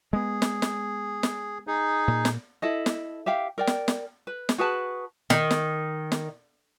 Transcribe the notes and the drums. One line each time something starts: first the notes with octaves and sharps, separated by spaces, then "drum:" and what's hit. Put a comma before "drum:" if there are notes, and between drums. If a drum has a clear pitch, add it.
G#3 B3 G#4
drum: snare
drum: snare
drum: snare
D#4 G#4
A#2
drum: snare
E4 A4 D#5
drum: snare
G4 E5 F5 G5
A#4 D5 G5
drum: snare
drum: snare
B4
drum: snare
F#4 G#4 B4 A5
D#3, drum: snare
drum: snare
drum: snare